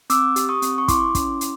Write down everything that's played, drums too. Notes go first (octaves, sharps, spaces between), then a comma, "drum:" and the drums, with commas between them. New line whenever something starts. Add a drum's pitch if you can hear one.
C4 D6 E6, drum: hi-hat
G4, drum: hi-hat
C#6 D#6
C4, drum: hi-hat
C#6
E4 C6 D6, drum: kick, hi-hat
C#4, drum: kick, hi-hat
drum: hi-hat